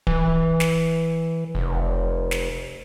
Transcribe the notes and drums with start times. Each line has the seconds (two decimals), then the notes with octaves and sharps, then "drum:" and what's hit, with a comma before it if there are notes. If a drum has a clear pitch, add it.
0.07 E3, drum: kick D1
0.60 drum: snare
1.55 F1
2.31 drum: snare